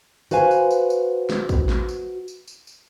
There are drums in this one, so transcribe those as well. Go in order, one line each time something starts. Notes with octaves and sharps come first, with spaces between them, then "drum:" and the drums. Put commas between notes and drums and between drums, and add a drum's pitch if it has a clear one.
F#4 B4 C5 F5 G#5, drum: tambourine
drum: tambourine
drum: tambourine
drum: tambourine
drum: snare
drum: kick, tambourine
drum: snare
drum: tambourine
drum: tambourine
drum: tambourine
drum: tambourine